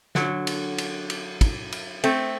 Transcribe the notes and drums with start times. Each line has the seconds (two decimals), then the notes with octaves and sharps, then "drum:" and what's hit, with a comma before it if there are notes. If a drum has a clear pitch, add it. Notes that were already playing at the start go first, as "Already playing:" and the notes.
0.15 D3 F#3, drum: snare
0.47 drum: cymbal
0.78 drum: cymbal
1.10 drum: cymbal
1.41 drum: kick, cymbal
1.72 drum: cymbal
2.04 A3 C4, drum: cymbal